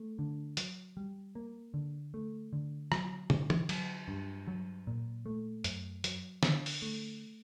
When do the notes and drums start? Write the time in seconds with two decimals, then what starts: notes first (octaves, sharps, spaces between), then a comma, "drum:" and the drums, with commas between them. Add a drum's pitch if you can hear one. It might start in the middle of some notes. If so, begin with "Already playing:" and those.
Already playing: A3
0.19 D3
0.57 F#3, drum: hi-hat
0.97 G3
1.35 A#3
1.74 D3
2.14 A3
2.53 D3
2.92 F#3, drum: rim click
3.30 D3, drum: tom
3.50 drum: tom
3.69 F#3, drum: cymbal
4.08 G2
4.47 F#3
4.87 A#2
5.26 A3
5.64 F#2, drum: hi-hat
6.04 F#3, drum: hi-hat
6.43 D3, drum: snare
6.66 drum: open hi-hat
6.82 A3